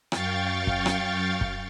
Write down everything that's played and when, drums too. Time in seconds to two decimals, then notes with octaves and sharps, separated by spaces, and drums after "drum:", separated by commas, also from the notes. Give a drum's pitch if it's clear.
0.12 F#2 F5 G5 C#6 A6, drum: rim click
0.67 drum: kick
0.86 drum: rim click
1.41 drum: kick